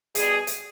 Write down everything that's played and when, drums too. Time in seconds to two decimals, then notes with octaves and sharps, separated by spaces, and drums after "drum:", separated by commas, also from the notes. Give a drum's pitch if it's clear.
0.15 B2 G3 G#4, drum: hi-hat
0.47 drum: hi-hat